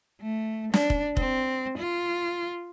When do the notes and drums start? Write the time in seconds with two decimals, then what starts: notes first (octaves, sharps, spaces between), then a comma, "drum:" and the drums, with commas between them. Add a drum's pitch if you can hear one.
0.21 A3
0.74 D4, drum: snare
0.90 drum: kick
1.17 C4, drum: kick
1.78 F4